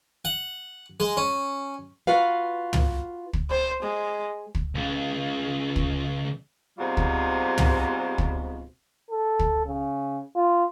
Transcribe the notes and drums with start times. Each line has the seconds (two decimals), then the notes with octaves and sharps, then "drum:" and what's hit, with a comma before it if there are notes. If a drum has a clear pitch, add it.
0.25 F#5
1.00 G#3
1.17 C#4
2.07 F4 F#4 B4 F5
2.73 drum: tom
3.33 drum: kick
3.50 C5
3.83 G#3
4.55 drum: kick
4.75 C#2 C#3
5.76 drum: kick
6.78 G#2 C3 G3 B3 F4 F#4
6.97 drum: kick
7.58 drum: tom
8.18 drum: kick
9.10 A4
9.39 drum: kick
9.66 C#3
10.36 F4